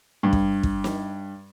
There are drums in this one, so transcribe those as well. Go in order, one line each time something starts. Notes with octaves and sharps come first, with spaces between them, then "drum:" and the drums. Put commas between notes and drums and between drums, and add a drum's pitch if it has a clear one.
G2
drum: kick
drum: kick
drum: snare